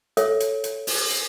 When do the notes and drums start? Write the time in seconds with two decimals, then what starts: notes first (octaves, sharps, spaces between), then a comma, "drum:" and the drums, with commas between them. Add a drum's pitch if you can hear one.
0.17 A4 C#5 E5, drum: hi-hat
0.40 drum: hi-hat
0.64 drum: hi-hat
0.87 drum: open hi-hat
1.10 drum: hi-hat